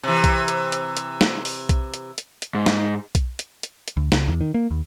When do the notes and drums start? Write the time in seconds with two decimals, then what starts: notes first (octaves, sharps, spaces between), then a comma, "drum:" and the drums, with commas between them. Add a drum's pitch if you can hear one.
0.03 C3 E3
0.24 drum: kick B1, hi-hat
0.48 drum: hi-hat
0.72 drum: hi-hat
0.97 drum: hi-hat
1.21 drum: snare
1.45 drum: open hi-hat
1.69 drum: kick B1, hi-hat
1.94 drum: hi-hat
2.18 drum: hi-hat
2.42 drum: hi-hat
2.54 G#2
2.66 drum: snare
3.15 drum: kick B1, hi-hat
3.39 drum: hi-hat
3.63 drum: hi-hat
3.88 drum: hi-hat
3.97 D2
4.12 C#2, drum: snare
4.28 E2
4.41 D#3
4.54 A#3
4.71 D#2